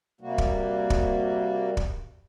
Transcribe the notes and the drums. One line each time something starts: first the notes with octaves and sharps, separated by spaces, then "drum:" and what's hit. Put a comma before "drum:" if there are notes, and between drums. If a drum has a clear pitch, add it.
C3 G3 A#3 F#4
drum: kick
drum: kick
drum: kick